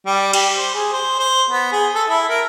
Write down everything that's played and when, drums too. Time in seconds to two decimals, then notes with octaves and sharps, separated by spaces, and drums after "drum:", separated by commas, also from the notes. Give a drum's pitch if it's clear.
0.06 G3
0.33 G4, drum: cymbal
0.57 C5
0.74 G#4
0.93 C5
1.19 C5
1.50 B3
1.72 G#4
1.94 A4
2.09 E4
2.29 A#4